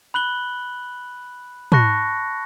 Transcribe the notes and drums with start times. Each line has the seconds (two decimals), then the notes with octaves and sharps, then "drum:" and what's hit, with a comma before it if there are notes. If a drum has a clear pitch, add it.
0.14 B5 F#6 F#7 G7
1.72 A5 B5 C#6 F#6 A#6 C#7, drum: tom